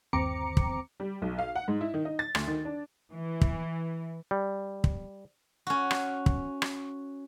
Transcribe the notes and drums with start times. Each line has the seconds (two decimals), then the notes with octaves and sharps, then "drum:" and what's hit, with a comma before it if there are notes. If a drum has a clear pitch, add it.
0.13 G1 D#2 C4 A#5 D6 C#7
0.57 drum: kick
1.00 G3
1.22 B1
1.39 F5
1.56 F#5
1.68 G#2
1.81 E4
1.94 D#3
2.05 D#4
2.19 A6
2.35 D2, drum: rim click
2.47 D#3
2.65 D4
3.12 E3
3.41 drum: kick
4.31 G3
4.84 drum: kick
5.67 C#4 F#4
5.91 drum: rim click
6.26 drum: kick
6.62 drum: rim click